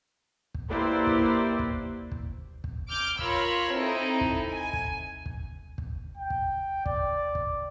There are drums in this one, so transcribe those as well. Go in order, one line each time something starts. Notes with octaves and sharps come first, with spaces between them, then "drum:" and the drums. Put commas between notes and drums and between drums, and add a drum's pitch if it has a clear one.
drum: kick
A#3 E4 G4 B4 C5 D5
drum: kick
drum: kick
drum: kick
drum: kick
D6 F6 G6
F4 A#4 C#5 B5 E6, drum: kick
C4 D#4 E4 A4
drum: kick
G#5
drum: kick
drum: kick
drum: kick
G5
drum: kick
D5, drum: kick
drum: kick